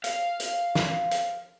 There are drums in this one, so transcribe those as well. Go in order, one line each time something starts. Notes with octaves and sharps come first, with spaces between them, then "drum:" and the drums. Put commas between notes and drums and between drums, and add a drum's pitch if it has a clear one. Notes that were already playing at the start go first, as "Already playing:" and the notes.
F5, drum: hi-hat
drum: hi-hat
drum: snare
drum: hi-hat